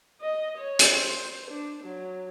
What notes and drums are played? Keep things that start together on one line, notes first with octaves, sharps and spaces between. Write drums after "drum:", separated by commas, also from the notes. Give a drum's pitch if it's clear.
D#5
C#5
drum: hi-hat
C5
D4
F#3